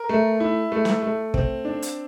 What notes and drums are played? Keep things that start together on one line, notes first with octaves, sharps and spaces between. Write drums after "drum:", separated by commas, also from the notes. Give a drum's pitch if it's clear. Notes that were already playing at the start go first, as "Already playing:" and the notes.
Already playing: A#4
A3
E4
A3
drum: snare
A3
C4, drum: kick
D4
drum: hi-hat